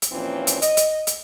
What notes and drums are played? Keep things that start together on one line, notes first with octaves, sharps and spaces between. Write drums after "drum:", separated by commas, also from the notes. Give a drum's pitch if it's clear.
drum: hi-hat
D#2 A#2 E3 F3 C4 C#4
drum: hi-hat
D#5, drum: hi-hat
drum: hi-hat
drum: hi-hat